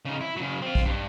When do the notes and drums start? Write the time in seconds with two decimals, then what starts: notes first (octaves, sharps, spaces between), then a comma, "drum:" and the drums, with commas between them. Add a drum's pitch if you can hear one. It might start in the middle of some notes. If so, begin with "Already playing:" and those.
0.05 C#3 D#4
0.21 E4
0.36 C#3 F#3
0.62 C4 F4
0.75 drum: kick A#1
0.85 G2